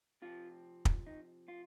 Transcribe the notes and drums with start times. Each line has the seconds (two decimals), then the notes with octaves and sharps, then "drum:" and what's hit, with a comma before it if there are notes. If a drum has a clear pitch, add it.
0.22 C3 F3 C4 F4
0.85 drum: kick
1.07 D#4
1.48 F4